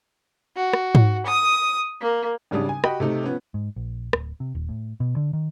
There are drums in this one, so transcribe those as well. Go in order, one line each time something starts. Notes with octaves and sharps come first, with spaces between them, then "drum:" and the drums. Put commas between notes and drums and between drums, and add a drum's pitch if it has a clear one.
F#4
drum: rim click
drum: tom G#2
D#6
A#3
G#1 C#3 G3 D4 D#6
G#5
F#4 G4 D#5 G5 B5, drum: rim click
C3 A3 D#4
F3 B3 C#4
G#2
A#1
D1, drum: rim click
C3
D#1
A2
B2
D3
D#3